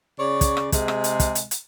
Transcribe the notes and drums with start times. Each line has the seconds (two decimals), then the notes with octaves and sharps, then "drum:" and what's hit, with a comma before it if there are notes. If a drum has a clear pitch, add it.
0.19 C#3 C#5 D5
0.41 drum: kick, hi-hat
0.57 drum: rim click
0.72 C3 G#3 G#4, drum: kick, hi-hat
0.88 drum: rim click
1.04 drum: hi-hat
1.20 drum: kick, hi-hat
1.35 drum: hi-hat
1.51 drum: hi-hat